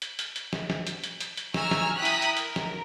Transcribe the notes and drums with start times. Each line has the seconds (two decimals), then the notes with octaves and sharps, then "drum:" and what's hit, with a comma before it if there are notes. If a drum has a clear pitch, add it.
0.02 drum: hi-hat
0.19 drum: hi-hat
0.36 drum: hi-hat
0.53 drum: snare
0.70 drum: snare
0.87 drum: hi-hat
1.04 drum: hi-hat
1.20 drum: hi-hat
1.37 drum: hi-hat
1.54 G#5 A#5 C#6 E6 F6, drum: snare
1.71 drum: snare
1.96 E4 G5 A#5 D#6 F#6 B6
2.05 drum: hi-hat
2.22 drum: hi-hat
2.37 A#4, drum: hi-hat
2.56 drum: snare